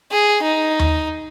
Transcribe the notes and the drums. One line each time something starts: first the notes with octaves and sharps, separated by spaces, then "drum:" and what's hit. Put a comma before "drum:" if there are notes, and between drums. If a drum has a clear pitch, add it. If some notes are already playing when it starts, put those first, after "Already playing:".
G#4
D#4
drum: tom D#2